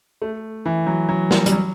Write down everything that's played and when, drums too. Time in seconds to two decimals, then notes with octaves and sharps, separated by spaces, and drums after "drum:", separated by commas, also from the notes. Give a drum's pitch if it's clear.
0.22 A3
0.66 E3
0.87 F#3
1.09 F#3
1.31 G3, drum: snare
1.46 G3, drum: hi-hat
1.52 F#3